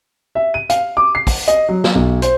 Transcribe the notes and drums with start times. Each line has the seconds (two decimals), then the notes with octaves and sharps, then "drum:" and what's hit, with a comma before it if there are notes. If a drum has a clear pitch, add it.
0.35 E5
0.54 D#7
0.70 F5, drum: hi-hat
0.97 D6
1.15 C7
1.27 drum: kick, open hi-hat
1.48 D#5, drum: hi-hat
1.69 F#3
1.84 drum: snare
1.95 B1
2.22 C5, drum: hi-hat